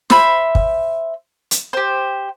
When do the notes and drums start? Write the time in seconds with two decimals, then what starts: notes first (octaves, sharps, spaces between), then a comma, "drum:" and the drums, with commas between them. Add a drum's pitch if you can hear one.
0.10 C5 E5 B5, drum: snare
0.55 drum: kick
1.51 drum: hi-hat
1.73 G4 C5